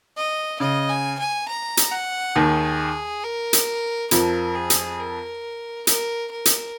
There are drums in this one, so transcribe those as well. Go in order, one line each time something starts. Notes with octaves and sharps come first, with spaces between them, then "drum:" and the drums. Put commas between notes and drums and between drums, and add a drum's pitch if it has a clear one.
D#5
C#3 D#5
G#5
G#5
A#5
drum: hi-hat
F#5
D#2 D#3 G#4
A#4
drum: hi-hat
F2 F3 A#4, drum: hi-hat
G#4
drum: hi-hat
A#4
A#4, drum: hi-hat
A#4
drum: hi-hat